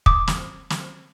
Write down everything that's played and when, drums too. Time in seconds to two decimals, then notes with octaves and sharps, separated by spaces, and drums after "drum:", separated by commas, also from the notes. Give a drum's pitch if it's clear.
0.06 D6 D#6, drum: kick
0.28 drum: snare
0.70 drum: snare